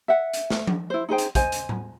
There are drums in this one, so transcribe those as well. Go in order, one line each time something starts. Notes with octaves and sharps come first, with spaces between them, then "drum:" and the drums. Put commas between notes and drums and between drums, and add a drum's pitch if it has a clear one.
E5 F#5
drum: hi-hat
drum: snare
drum: tom F3
E4 C5
D#4 G#4 C5 G5
drum: hi-hat
C5 D#5 G#5, drum: kick, hi-hat
drum: hi-hat
drum: tom A2